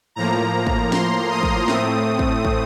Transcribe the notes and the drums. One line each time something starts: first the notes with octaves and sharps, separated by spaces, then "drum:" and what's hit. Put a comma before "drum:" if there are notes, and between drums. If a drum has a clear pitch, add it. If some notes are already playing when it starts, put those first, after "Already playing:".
A2 F3 A#3 A#5
drum: kick
C6, drum: snare
D#6
drum: kick
A2 A3 C4 D#6, drum: snare
drum: kick
drum: kick